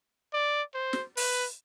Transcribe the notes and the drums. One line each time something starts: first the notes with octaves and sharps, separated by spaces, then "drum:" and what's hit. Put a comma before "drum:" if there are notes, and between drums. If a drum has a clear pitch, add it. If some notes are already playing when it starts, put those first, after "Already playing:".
D5
C5
drum: snare
B4, drum: open hi-hat